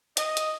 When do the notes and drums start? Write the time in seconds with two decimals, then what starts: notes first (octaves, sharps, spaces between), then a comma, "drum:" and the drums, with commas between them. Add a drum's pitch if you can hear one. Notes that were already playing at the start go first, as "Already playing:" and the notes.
0.17 D#5, drum: hi-hat
0.37 drum: hi-hat